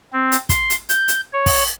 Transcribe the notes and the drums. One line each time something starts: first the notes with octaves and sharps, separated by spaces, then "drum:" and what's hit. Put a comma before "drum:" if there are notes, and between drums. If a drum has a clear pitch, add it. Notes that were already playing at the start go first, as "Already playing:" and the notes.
C4
drum: hi-hat
C6, drum: kick, hi-hat
drum: hi-hat
G6, drum: hi-hat
drum: hi-hat
C#5
drum: kick, open hi-hat